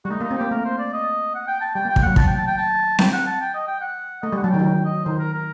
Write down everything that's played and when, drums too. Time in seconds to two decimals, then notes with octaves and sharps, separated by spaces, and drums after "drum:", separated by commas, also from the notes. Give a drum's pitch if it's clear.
0.05 G3 F#4
0.10 A3 D#4
0.21 A#3
0.23 D#4
0.31 C4
0.38 A#3 G4
0.51 A3 A#4
0.65 C5
0.78 D5
0.93 D#5
1.34 F#5
1.47 G5
1.61 A5
1.75 G3 G5
1.85 A#3
1.89 G5
1.96 A3, drum: kick
2.03 F#3 F#5
2.16 D#3 A5, drum: kick
2.27 G5
2.37 A5
2.47 G5
2.58 A5
2.99 G5, drum: snare C4
3.13 F#5
3.26 A5
3.41 G5
3.54 D#5
3.67 G5
3.81 F#5
4.22 A3 D#5
4.33 G3
4.37 F#5
4.43 F#3 A5
4.50 D#3 G5
4.59 F#3
4.64 D#3 G5
4.85 D#5
5.05 D#3 C5
5.18 A#4
5.33 A#4